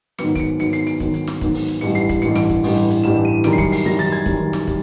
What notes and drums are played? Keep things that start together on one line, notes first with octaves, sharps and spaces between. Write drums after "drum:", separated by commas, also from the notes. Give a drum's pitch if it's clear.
G#2 D#3 F#3 B3 C#7, drum: snare
D7, drum: kick, hi-hat
C#7
G#2 D#3 F#3 B3 C#7, drum: hi-hat
C7, drum: hi-hat
D7, drum: hi-hat
G#2 D#3 F#3 B3, drum: kick, hi-hat
drum: hi-hat
drum: snare
G#2 D#3 F#3 B3, drum: kick, hi-hat
drum: open hi-hat
drum: hi-hat
A1 G2 E3 G3 C#7, drum: hi-hat
C7, drum: hi-hat
C7, drum: kick, hi-hat
A1 G2 E3 G3 C#7, drum: hi-hat
D7, drum: snare
drum: kick, hi-hat
A1 G2 E3 G3, drum: open hi-hat
drum: hi-hat
drum: hi-hat
A1 G2 E3 G3 E7, drum: hi-hat
D#7
F#2 D#3 G3 D7, drum: snare
C7
C#7, drum: kick, hi-hat
C7, drum: open hi-hat
F#2 D#3 G3 A#6, drum: hi-hat
A6, drum: hi-hat
G#6, drum: hi-hat
F#2 D#3 G3, drum: kick, hi-hat
drum: snare
G3, drum: kick, hi-hat